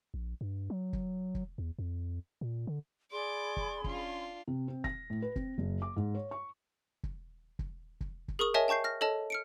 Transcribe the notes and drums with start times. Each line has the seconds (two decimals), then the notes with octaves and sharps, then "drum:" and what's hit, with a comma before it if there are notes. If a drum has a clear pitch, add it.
0.14 A#1
0.41 G2
0.70 F#3
0.93 drum: kick
1.35 drum: kick
1.58 E2
1.79 F2
2.41 A#2
2.67 D3
3.12 G#4 D5 B5 C6 D6
3.57 drum: kick
3.84 C#4 D4 F4, drum: kick
4.47 C3
4.68 C4
4.84 A#6, drum: kick
5.10 A2
5.22 B4
5.36 C4, drum: kick
5.58 F#1
5.82 D6
5.96 G#2
6.14 C#5
6.31 C#6
7.03 drum: kick
7.59 drum: kick
8.01 drum: kick
8.28 drum: kick
8.39 G#4 A#4 C#6 D#6 F#7
8.54 A#4 C#5 D#5 E5 G#5 A5
8.68 G5 A5 C#6 G6 C7
8.84 F6 A#6
9.01 A4 C#5 D#5 A5
9.30 F6 C#7 D7